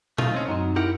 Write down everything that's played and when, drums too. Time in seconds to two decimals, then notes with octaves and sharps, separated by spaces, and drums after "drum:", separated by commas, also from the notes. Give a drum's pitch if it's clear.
0.18 A3 D#4 F4, drum: tom A#2
0.34 C4 C#4 D#5
0.48 F#2 F#3 C4 D#4
0.76 E4 G4 A#4 F#5